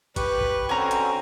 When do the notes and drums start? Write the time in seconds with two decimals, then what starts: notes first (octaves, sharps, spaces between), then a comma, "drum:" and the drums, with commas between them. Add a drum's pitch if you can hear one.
0.16 G4 B4 C#6 F#6, drum: kick, hi-hat
0.41 drum: kick
0.69 D3 C4 C#4 F#4 G#5 A#5
0.91 drum: hi-hat